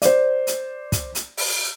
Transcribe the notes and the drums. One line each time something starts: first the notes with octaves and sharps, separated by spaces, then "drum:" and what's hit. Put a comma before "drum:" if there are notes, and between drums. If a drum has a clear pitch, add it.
C5 D5, drum: hi-hat
drum: hi-hat
drum: kick, hi-hat
drum: hi-hat
drum: open hi-hat